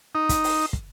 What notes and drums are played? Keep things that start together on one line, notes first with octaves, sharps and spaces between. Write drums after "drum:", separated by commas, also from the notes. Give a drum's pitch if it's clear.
D#4
drum: kick, hi-hat
drum: open hi-hat
drum: kick